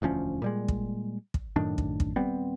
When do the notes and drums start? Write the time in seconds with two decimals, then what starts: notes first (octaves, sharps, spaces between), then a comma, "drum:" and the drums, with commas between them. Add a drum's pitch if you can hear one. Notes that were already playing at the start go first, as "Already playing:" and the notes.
0.02 E1 D2 F3 C#4
0.42 A#2 G3 G#3
0.68 drum: kick
1.34 drum: kick
1.56 F#2 A2 D#3 D4
1.78 drum: kick
2.00 drum: kick
2.16 D#1 G3 B3 C4